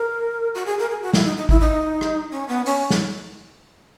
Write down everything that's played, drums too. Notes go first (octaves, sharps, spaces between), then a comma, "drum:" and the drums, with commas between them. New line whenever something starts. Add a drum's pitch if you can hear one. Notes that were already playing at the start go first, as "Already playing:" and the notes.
Already playing: A#4
F#4
G#4
A#4
G#4
F#4
E4, drum: snare
D#4
D#4
E4, drum: kick G#1
D#4
drum: rim click
C#4
B3
C#4, drum: open hi-hat
drum: snare